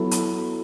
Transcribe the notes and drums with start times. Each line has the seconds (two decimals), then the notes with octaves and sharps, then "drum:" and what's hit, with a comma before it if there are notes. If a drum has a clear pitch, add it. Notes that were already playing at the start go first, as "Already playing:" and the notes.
Already playing: F#3 B3 E4 A4
0.11 drum: hi-hat